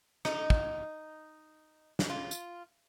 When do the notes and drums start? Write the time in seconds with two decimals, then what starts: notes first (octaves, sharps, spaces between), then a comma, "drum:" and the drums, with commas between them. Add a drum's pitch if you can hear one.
0.25 D#4, drum: rim click
0.50 drum: kick
1.99 drum: snare
2.10 F4
2.31 drum: tambourine